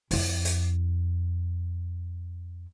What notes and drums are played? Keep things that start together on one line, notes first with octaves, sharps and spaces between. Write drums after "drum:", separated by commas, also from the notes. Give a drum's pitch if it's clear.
F2 E4, drum: open hi-hat
drum: hi-hat